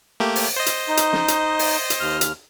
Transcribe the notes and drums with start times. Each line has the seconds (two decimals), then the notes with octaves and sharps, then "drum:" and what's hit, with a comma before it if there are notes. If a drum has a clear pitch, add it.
0.20 A3 A#3 G4
0.36 drum: open hi-hat
0.56 C5 D#5
0.66 drum: hi-hat
0.88 D#4
0.97 drum: hi-hat
1.13 drum: snare
1.28 drum: hi-hat
1.59 drum: open hi-hat
1.90 drum: hi-hat
2.00 D#2 F6
2.21 drum: hi-hat